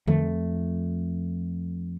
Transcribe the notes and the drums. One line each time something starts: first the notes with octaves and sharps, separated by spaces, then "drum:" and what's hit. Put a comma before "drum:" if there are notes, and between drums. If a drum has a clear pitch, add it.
F2 A3, drum: tom D3